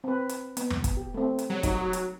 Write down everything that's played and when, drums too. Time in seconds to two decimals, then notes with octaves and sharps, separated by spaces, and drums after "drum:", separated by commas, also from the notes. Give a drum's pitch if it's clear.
0.04 C4 B4
0.29 drum: hi-hat
0.57 B3, drum: hi-hat
0.70 drum: tom
0.84 drum: kick, hi-hat
0.97 G4
1.14 A3 C4
1.39 drum: hi-hat
1.50 F#3 G3
1.63 D#4, drum: kick, hi-hat
1.93 drum: hi-hat